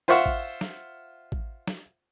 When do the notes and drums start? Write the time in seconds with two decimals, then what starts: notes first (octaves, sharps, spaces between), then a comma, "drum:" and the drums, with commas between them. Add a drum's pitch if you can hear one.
0.08 F4 C5 E5 F#5 C#6 F6
0.26 drum: kick A1
0.61 drum: snare
1.32 drum: kick A1
1.68 drum: snare